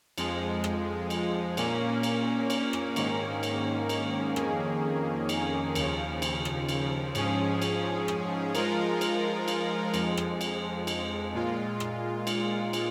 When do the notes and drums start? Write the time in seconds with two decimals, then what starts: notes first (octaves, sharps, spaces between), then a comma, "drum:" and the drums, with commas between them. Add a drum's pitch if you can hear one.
0.18 F2 F3 G#3, drum: cymbal
0.64 drum: rim click
1.10 drum: cymbal
1.57 A#2 A#3 C#4, drum: cymbal
2.03 drum: cymbal
2.50 drum: cymbal
2.73 drum: rim click
2.96 G#2 D#3 A#3 C#4, drum: cymbal
3.43 drum: cymbal
3.89 drum: cymbal
4.36 F2 D#3 A#3 C#4 G#4, drum: rim click
5.29 drum: cymbal
5.75 D#2 C#3 F3, drum: cymbal
6.22 drum: cymbal
6.45 drum: rim click
6.69 drum: cymbal
7.15 G#2 F3 C#4 G#4, drum: cymbal
7.62 drum: cymbal
8.08 drum: rim click
8.55 F3 G#3 F4 A#4, drum: cymbal
9.01 drum: cymbal
9.48 drum: cymbal
9.94 F2 F3 G#3, drum: cymbal
10.17 drum: rim click
10.41 drum: cymbal
10.87 drum: cymbal
11.34 A#2 G#3 F4
11.80 drum: rim click
12.27 drum: cymbal
12.73 drum: cymbal